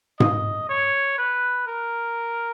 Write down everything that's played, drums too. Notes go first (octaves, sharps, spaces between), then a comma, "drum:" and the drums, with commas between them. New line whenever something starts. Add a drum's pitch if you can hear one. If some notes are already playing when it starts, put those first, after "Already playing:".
D#5, drum: tom G#2
C#5
B4
A#4